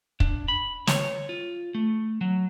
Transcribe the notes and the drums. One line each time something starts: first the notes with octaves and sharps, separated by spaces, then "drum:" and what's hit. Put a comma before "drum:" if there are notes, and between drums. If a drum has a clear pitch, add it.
D4, drum: kick
B5
C#5, drum: snare
F4
A3
F#3